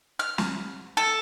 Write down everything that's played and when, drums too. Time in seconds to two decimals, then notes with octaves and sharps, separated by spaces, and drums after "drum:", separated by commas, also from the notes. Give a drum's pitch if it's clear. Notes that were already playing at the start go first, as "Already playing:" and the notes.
0.19 F6
0.38 drum: snare
0.97 A4